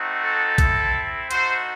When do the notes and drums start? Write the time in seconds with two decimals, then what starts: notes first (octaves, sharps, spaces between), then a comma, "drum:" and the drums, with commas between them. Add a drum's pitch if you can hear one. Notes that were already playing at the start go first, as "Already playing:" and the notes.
Already playing: A3 C4 D#4 F#4
0.22 A4
0.58 C4 E4, drum: kick A#1, hi-hat
1.31 A3 D#4 F#4 C5, drum: hi-hat